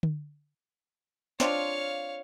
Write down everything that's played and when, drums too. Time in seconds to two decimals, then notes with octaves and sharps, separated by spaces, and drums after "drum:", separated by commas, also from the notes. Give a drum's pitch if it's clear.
0.03 drum: tom D3
1.40 C4 D4 F4 C#5 F5, drum: snare